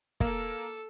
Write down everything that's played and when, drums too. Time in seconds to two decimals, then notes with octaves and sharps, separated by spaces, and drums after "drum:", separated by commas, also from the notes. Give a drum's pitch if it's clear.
0.20 A#3 A4 E6, drum: kick